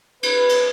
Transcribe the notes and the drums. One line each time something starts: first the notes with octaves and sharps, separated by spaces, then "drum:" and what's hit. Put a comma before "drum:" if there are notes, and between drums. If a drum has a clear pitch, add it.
B4, drum: cymbal
drum: cymbal